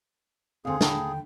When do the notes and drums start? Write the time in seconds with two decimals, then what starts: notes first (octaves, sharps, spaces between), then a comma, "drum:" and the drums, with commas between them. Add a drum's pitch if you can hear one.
0.65 D#2 D3 C4 G#4 F5 G#5
0.81 F5 G5 A5 B5, drum: snare